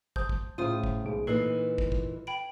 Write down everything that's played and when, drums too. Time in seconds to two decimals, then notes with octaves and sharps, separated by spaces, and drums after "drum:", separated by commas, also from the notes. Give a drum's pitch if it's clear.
0.16 C5 A5 D#6 G6, drum: kick
0.29 drum: kick
0.58 A2 C#3 F4 C5 D#6 D#7
0.84 drum: kick
1.05 B1 G#3 D7
1.27 A#2 E3 D#4 A4 B4 C7
1.78 drum: kick
1.92 drum: kick
2.27 G5 B5 D7